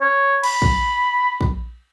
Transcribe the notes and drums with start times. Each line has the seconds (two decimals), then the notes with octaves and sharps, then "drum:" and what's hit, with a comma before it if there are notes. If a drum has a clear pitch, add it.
0.01 C#5
0.44 B5, drum: cymbal
0.62 drum: kick
1.41 drum: kick